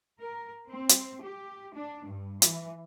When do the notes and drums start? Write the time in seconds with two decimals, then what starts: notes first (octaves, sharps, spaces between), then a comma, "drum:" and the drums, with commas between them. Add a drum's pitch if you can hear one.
0.18 A#4
0.70 C4
0.89 drum: hi-hat
1.23 G4
1.74 D4
2.08 G2
2.42 E3, drum: hi-hat